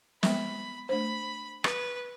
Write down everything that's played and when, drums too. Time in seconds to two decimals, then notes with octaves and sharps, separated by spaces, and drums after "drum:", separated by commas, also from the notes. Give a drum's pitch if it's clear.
0.23 G#3 B3 B5, drum: snare
0.89 A3 D4 C5 B5
1.64 B4, drum: rim click